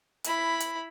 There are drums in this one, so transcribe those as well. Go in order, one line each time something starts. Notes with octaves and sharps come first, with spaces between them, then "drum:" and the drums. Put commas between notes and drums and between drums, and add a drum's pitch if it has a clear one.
E4 B5, drum: hi-hat
drum: hi-hat